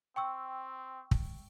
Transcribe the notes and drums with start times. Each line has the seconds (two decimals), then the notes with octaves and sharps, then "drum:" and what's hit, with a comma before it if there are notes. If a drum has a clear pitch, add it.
0.16 C4 G5 C#6 E6
1.11 drum: kick